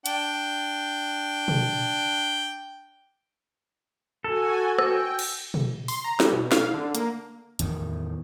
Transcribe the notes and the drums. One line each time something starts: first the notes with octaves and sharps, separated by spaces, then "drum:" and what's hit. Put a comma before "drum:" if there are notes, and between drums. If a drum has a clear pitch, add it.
D4 G5, drum: hi-hat
drum: tom
F#4 A4 G#5
G5 E6, drum: rim click
drum: cymbal
drum: tom
C6, drum: open hi-hat
A#5
G3, drum: snare
B2
F5, drum: snare
D3
A#3, drum: hi-hat
E2 A2 D#3, drum: hi-hat